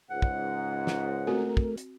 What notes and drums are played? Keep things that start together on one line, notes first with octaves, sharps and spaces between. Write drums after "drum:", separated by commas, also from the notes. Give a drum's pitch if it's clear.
C#2 G#2 F#5
drum: kick
drum: snare
A3 C4 F#4 A#4
drum: kick
drum: hi-hat